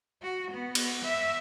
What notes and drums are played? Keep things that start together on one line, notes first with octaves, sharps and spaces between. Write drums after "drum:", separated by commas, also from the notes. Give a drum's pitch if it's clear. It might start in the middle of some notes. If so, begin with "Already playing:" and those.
F#4
B3
drum: cymbal
E5